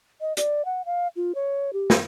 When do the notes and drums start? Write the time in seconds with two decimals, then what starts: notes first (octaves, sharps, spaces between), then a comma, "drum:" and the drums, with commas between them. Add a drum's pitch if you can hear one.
0.21 D#5
0.37 D5, drum: hi-hat
0.65 F#5
0.86 F5
1.16 F4
1.35 C#5
1.73 G4
1.90 drum: snare